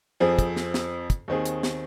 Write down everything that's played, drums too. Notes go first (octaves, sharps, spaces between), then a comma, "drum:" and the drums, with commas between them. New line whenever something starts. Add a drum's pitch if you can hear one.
F2 F3 C4 G#4
drum: kick, hi-hat
drum: snare
drum: snare
drum: kick, hi-hat
D#2 D#3 C4 G#4
drum: hi-hat
drum: snare